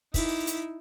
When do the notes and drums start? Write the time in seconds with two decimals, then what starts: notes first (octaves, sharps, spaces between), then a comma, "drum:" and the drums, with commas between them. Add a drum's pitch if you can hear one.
0.14 D#4 E4, drum: kick, open hi-hat
0.47 drum: hi-hat